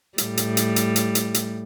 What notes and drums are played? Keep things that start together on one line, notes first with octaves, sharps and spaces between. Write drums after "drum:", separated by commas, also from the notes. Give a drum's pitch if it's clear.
A2 G3, drum: hi-hat
drum: hi-hat
drum: hi-hat
drum: hi-hat
drum: hi-hat
drum: hi-hat
drum: hi-hat